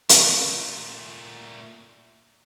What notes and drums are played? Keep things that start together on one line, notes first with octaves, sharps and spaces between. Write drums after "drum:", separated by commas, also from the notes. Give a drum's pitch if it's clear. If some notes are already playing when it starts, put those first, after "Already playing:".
A#2 A3, drum: hi-hat